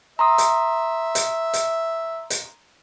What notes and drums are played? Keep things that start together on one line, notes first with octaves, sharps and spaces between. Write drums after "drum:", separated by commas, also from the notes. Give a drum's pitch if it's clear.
E5 A#5 C6 D#6
drum: hi-hat
drum: hi-hat
drum: hi-hat
drum: hi-hat